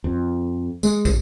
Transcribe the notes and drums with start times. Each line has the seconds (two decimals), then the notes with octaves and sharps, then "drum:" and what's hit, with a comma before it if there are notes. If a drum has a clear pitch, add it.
0.04 F2
0.83 G#3, drum: tambourine
1.05 drum: kick, tambourine